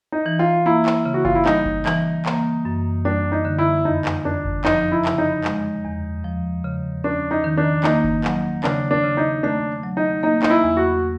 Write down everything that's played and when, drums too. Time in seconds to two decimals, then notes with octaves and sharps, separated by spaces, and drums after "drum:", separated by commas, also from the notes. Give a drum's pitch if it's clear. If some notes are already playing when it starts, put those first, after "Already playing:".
0.12 D#4
0.26 E3
0.39 F4
0.66 A#3 E4
0.86 drum: clap
1.05 C#3
1.14 F#4
1.25 F4, drum: kick F#1
1.35 E4
1.46 G3 D#4, drum: clap
1.66 drum: kick F#1
1.86 E3, drum: clap
2.26 A#3, drum: clap
2.65 F#2
3.05 G3 D4
3.32 D#4
3.45 D3
3.58 E4
3.85 F2 D#4
4.05 drum: clap
4.25 F2 D4
4.45 drum: kick F#1
4.65 F3 D#4, drum: clap
4.92 E4
5.05 C#3, drum: clap
5.18 D#4
5.44 G#3, drum: clap
5.85 E2
6.24 F3
6.64 C#3
7.04 C#4 D4
7.31 D#4
7.44 D#3
7.57 D4
7.84 A#3 D#4, drum: clap
8.04 drum: kick F#1
8.24 F#3, drum: clap
8.64 C#3 D4, drum: clap
8.91 D4
9.04 C#3
9.17 D#4
9.43 A3 D4
9.84 F#3
9.97 D#4
10.23 A#3 D#4
10.42 D#4, drum: clap
10.50 E4
10.64 E2
10.77 F#4